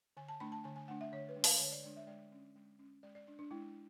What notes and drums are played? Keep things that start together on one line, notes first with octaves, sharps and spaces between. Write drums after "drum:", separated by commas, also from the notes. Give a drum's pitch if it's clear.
D3 G#5
A5
A3 D4 B5
A5
D3 G#5
G#5
A3 D4 F#5
E5
D3 C#5
B4
G#3 D4
B4, drum: open hi-hat
D3 C#5
D5
G#3 D4 D5
E5
G#3 D5
C#4
G#3
C#4
G#3 D5
D5
D4
D4
G#3 E4